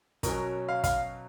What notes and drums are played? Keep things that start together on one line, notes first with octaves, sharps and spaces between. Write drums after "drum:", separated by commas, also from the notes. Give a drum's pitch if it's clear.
B2 F#3 C#4 A#4, drum: kick, hi-hat
F5
F5, drum: kick, hi-hat